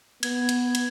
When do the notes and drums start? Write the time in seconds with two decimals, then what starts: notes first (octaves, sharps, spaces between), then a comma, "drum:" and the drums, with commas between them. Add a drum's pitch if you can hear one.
0.23 B3 G#6, drum: cymbal
0.49 drum: cymbal
0.75 drum: cymbal